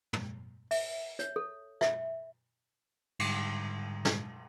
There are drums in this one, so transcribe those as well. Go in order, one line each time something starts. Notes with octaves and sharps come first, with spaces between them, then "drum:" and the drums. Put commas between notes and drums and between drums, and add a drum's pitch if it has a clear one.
drum: tom
E5, drum: open hi-hat
C#5, drum: hi-hat
A4
E5, drum: rim click
G#2 D3 G3, drum: cymbal
drum: snare